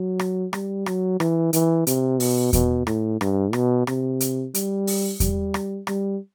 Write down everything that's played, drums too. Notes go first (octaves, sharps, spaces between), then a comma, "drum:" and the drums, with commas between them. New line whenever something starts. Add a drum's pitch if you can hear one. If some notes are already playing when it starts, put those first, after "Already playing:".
Already playing: F#3
drum: rim click
G3, drum: rim click
F#3, drum: rim click
E3, drum: rim click
E3, drum: hi-hat
C3, drum: hi-hat
B2, drum: open hi-hat
B2, drum: kick E2, hi-hat
A2, drum: rim click
G2, drum: rim click
B2, drum: rim click
C3, drum: rim click
drum: hi-hat
G3, drum: hi-hat
drum: open hi-hat
G3, drum: kick E2, hi-hat
drum: rim click
G3, drum: rim click